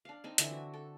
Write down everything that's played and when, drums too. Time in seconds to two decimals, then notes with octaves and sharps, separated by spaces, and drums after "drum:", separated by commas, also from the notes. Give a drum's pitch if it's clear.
0.05 D4 F5
0.24 C4 D#4
0.38 D3 E3 E5, drum: hi-hat
0.51 F#4
0.74 A4